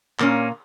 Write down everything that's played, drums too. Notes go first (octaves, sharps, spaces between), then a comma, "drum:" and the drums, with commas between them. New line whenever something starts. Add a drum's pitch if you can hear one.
A#2 A#3 C#4, drum: clap